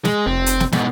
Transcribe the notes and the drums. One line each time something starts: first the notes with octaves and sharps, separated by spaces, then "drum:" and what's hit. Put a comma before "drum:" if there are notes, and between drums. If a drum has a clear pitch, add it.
G#3, drum: snare
F1 C4
drum: hi-hat
drum: snare
G#2 B2, drum: snare